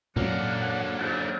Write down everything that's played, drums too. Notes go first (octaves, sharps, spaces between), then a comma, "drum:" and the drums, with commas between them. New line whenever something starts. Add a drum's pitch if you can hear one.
F#2 D3 A#3 D5 F#5, drum: tom A#2
drum: cymbal